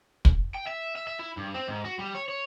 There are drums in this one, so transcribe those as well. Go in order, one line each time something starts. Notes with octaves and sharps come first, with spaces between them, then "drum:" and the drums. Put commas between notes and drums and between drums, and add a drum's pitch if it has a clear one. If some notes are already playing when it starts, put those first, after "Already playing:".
drum: kick
G5
E5
E5
E5
E4
G2
C4
G#2
F#4
G3
C#5
C#5